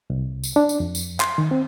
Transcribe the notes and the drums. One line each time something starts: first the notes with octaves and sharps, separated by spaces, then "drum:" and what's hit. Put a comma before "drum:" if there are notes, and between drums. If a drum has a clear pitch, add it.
C2
drum: tambourine
D4
drum: tambourine
F2
drum: tambourine
C6, drum: clap
D#3
C4